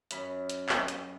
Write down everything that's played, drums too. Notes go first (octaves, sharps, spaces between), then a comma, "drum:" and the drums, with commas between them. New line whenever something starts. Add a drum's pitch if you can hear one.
F#2 B5, drum: hi-hat
drum: hi-hat
drum: clap
drum: hi-hat